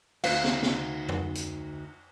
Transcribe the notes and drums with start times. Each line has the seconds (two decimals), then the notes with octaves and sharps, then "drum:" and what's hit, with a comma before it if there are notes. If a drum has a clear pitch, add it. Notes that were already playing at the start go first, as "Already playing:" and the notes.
0.24 D2 D#4 C5 F5, drum: cymbal
0.44 drum: snare
0.63 drum: snare
1.09 drum: tom F2
1.35 drum: hi-hat